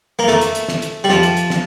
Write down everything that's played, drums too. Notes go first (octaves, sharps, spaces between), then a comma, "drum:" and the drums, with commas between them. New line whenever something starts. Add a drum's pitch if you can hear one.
A#3
A3, drum: snare
drum: hi-hat
drum: hi-hat
drum: snare
drum: hi-hat
G3
F3, drum: snare
drum: hi-hat
drum: hi-hat
drum: snare